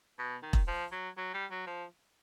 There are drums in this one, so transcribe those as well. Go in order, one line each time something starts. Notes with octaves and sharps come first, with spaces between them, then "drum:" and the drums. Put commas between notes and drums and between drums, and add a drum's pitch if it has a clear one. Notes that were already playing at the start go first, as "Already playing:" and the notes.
B2
D#3
drum: kick E1
F3
F#3
F#3
G3
F#3
F3